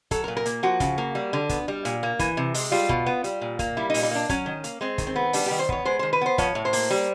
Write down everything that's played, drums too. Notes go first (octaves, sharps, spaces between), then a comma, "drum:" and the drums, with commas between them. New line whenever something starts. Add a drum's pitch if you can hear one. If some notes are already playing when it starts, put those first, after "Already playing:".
F#3 A4, drum: kick, hi-hat
A#4
A#2
A#4
A#3, drum: hi-hat
F3 F#4
C#3, drum: kick, hi-hat
A#3
G3
D3
B3, drum: kick, hi-hat
G3
A#2, drum: hi-hat
A#3
E3, drum: kick, hi-hat
C3
G#3, drum: open hi-hat
G3 F4
B2, drum: kick
B3
G3, drum: hi-hat
A#2
A#3, drum: kick, hi-hat
G3 E4
D#4
A#2, drum: open hi-hat
D#4
A#3 D4
F#3 C#4, drum: kick, hi-hat
D#3
A#3, drum: hi-hat
G#3 C4
D#3, drum: kick, hi-hat
C4
B3
G3 D4, drum: open hi-hat
D#3 G4
C5
B3 C#5, drum: kick
G#3 C5
D#3 C5
B4
B3 C5
F3 C#5, drum: kick, hi-hat
A2
C5
A#3, drum: open hi-hat
G3